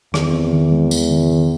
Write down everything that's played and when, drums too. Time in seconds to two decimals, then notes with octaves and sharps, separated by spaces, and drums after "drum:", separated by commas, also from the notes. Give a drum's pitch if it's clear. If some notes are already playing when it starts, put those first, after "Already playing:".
0.14 E2 D#3, drum: rim click
0.33 C4
0.53 D#3
0.72 G#3
0.91 G#3, drum: tambourine
1.11 D#3
1.31 D#3